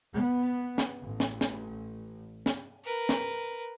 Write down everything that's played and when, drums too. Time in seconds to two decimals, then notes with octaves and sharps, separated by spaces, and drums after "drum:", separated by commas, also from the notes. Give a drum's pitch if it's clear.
0.15 B3
0.78 drum: snare
1.03 A1
1.20 drum: snare
1.41 drum: snare
2.46 drum: snare
2.84 A#4 B4
3.09 drum: snare